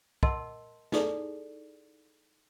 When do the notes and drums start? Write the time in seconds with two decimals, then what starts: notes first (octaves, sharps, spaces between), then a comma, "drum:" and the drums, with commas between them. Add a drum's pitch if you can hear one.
0.23 A#4 D#5 F#5 A5 C6 E6, drum: kick
0.92 D#4 E4 G#4 A4 D5, drum: snare